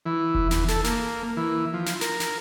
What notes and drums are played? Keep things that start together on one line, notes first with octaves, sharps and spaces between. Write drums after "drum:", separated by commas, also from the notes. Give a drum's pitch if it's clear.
E3
drum: kick F1
E2, drum: snare
A4, drum: snare
A#3, drum: snare
E3
F3
drum: snare
A#4, drum: snare
drum: snare